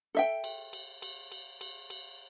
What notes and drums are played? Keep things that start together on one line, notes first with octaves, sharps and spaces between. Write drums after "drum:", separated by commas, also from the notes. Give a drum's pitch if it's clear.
A4 E5 G5
drum: cymbal
drum: cymbal
drum: cymbal
drum: cymbal
drum: cymbal
drum: cymbal